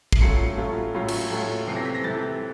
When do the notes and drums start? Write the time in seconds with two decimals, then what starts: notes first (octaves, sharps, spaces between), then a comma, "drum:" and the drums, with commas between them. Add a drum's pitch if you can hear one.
0.12 C7, drum: kick
0.21 A2 F#3 A3 C#4 F4 C#7
0.58 A2 F#3 A3 C#4 F4
0.95 A2 F#3 A3 C#4 F4
1.08 drum: cymbal
1.31 A2 F#3 A3 C#4 F4
1.67 C3 E3 A3 C4 C7
1.76 A#6
1.85 B6
1.95 A#6
2.04 C3 E3 A3 C4 A6